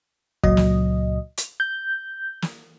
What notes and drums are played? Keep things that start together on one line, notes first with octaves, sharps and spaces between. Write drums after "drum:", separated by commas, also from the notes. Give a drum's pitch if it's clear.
C#2 A#2 F#3 D#5, drum: kick
drum: snare
drum: hi-hat
G6
drum: snare